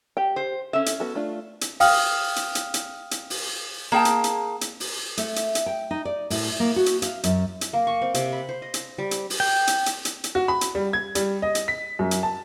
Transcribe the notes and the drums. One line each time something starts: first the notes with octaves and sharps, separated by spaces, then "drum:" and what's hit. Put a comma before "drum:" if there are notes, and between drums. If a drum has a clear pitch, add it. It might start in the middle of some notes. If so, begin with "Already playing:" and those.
G4 G5
C5
C#4 A4 E5
drum: hi-hat
B3 F#4 A4
A3 D4 F4
drum: hi-hat
F5 G5 D#6 F6, drum: open hi-hat
drum: hi-hat
drum: hi-hat
drum: hi-hat
drum: hi-hat
drum: open hi-hat
A#3 G#4 G5 A5
drum: hi-hat
drum: hi-hat
drum: hi-hat
drum: open hi-hat
A3, drum: hi-hat
drum: hi-hat
drum: hi-hat
G5
D#4
D5
A2, drum: open hi-hat
A#3
F#4
drum: hi-hat
F5, drum: hi-hat
F#2, drum: hi-hat
drum: hi-hat
A#3
C#6
C4
C3, drum: hi-hat
B5
C5
D#5
drum: hi-hat
G3
drum: hi-hat
drum: open hi-hat
G5
drum: hi-hat
drum: hi-hat
drum: hi-hat
drum: hi-hat
F#4
B5
drum: hi-hat
G3
G#6
G3, drum: hi-hat
D#5
drum: hi-hat
B6
F#2
drum: hi-hat
A5